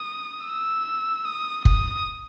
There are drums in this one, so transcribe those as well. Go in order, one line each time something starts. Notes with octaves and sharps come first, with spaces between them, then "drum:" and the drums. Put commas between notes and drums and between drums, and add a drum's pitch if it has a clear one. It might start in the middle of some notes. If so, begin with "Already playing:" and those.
Already playing: D#6
E6
D#6
D#6, drum: kick